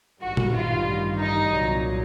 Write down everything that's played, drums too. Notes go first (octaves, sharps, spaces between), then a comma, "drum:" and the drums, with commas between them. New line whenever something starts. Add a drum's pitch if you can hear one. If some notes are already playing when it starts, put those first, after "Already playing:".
A1 G2 D#3 G3 F#4
drum: tom A#2
F4
D#4
C2 A#2 F#3